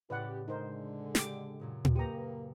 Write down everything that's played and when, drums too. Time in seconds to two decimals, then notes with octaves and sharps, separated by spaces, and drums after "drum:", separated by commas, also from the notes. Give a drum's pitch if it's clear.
0.10 A2 C#3 C#4 G4 B4 D5 F#5
0.48 D3 G#3 D#4 A#4 C5
1.15 G4 D6, drum: snare
1.60 F#2 A#2 C#3
1.85 drum: tom
1.95 A#3 G4 B4 A#5 D#6 C#7 D#7